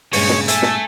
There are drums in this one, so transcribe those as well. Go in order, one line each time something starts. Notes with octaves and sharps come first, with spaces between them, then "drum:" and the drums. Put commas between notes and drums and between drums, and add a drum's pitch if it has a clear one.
G2 A#2 C#3 G#3 C#5, drum: open hi-hat
drum: snare
A3 E5 G#5, drum: hi-hat
drum: snare